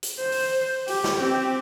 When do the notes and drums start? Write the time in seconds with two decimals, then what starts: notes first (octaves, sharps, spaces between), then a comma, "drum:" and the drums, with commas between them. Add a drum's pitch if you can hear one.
0.03 drum: hi-hat
0.20 C5
0.32 drum: open hi-hat
0.88 G4, drum: open hi-hat
1.04 drum: snare
1.18 C4 G4